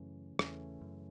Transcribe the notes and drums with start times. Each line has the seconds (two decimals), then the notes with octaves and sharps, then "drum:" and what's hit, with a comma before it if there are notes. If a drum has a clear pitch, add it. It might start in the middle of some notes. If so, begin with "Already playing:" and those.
Already playing: F#2 C#3 E3 A3 C#4
0.39 E2 C#3 E3 A3 C#4, drum: rim click
0.81 F#2